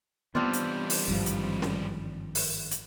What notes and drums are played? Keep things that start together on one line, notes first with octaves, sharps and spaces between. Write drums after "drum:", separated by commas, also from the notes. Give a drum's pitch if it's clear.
E3 G3 B3 C4 D4 F4
drum: hi-hat
drum: open hi-hat
G#1 G2 F3
drum: hi-hat
drum: snare
drum: open hi-hat
drum: hi-hat